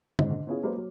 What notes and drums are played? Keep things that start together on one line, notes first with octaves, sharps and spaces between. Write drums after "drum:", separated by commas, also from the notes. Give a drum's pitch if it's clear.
G#2 C#3, drum: tom D3
D3
B3 C#4 E4 F4 G#4
F#3 G#3 A#3 A4 B4 C5
F#3